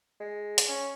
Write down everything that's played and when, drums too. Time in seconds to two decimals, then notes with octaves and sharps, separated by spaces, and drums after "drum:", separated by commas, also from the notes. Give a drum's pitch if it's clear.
0.20 G#3
0.58 drum: hi-hat
0.68 C#4